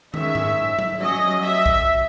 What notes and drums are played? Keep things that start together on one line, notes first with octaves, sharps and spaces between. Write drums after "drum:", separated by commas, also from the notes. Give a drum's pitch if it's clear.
D#3 G#3 C#4 E5, drum: tom
drum: tom G#2
drum: tom F#3
F#3 C#4 D#5
E5
drum: kick A#1